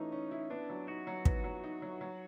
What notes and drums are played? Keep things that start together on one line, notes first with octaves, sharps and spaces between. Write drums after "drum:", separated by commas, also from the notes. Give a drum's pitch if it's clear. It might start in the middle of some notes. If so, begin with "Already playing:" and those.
Already playing: E3 A3 C#4 D#4
C#4
E4
B3 D4
F#3
D#4 F#4
F#3
B3, drum: kick
F#3
D#4
F#3
F#3